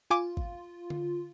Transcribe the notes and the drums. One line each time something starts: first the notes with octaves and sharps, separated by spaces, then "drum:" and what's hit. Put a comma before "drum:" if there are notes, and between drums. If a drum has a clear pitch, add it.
F4 G#5 D6
drum: kick G#1
drum: tom D3